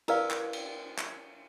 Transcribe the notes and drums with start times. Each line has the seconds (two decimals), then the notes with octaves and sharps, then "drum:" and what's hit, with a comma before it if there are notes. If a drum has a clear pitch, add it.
0.08 E4 A#4 B4 D5 F5, drum: cymbal
0.31 drum: clap
0.53 drum: cymbal
0.98 drum: clap